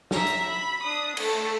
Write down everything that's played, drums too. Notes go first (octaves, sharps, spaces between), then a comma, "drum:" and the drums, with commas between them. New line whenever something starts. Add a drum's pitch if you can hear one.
E5 A#5, drum: snare
drum: hi-hat
B5
D4 D#6
A3 A5, drum: cymbal